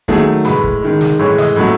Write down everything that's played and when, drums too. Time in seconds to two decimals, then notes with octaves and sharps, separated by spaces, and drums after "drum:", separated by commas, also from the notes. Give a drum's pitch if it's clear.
0.08 D#3 F#3 A3 G#4, drum: kick
0.45 A2 G#3 B4, drum: snare
0.64 drum: kick
0.83 D#3 G#3
1.01 drum: snare
1.19 A2 E3 G#3 C#5
1.38 D#5, drum: snare
1.56 A2 F#3 A3